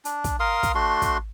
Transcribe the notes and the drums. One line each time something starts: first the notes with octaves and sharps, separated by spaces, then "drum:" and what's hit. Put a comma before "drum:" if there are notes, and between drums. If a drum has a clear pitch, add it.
D4, drum: hi-hat
drum: kick, hi-hat
A#4 F5 C6 D#6
drum: kick, hi-hat
A3 D4 F#4 C6
drum: kick, hi-hat